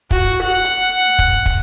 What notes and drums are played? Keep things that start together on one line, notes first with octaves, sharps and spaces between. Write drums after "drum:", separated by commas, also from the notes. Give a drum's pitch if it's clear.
F#4, drum: kick, hi-hat
F#5
drum: hi-hat
drum: kick, hi-hat
drum: kick, hi-hat